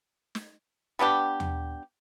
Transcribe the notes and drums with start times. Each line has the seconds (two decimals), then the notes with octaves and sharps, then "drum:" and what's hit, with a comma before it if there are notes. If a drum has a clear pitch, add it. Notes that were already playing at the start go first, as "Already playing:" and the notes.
0.35 drum: snare
0.99 G3 B3 D4 G4
1.40 drum: tom